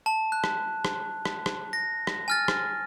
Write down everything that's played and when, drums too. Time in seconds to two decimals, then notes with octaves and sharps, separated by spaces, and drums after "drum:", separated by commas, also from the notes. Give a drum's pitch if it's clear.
0.06 A5
0.32 F#6
0.44 drum: rim click
0.85 drum: rim click
1.25 drum: rim click
1.46 drum: rim click
1.73 A#6
2.07 drum: rim click
2.28 G#5 F6 A6
2.48 drum: rim click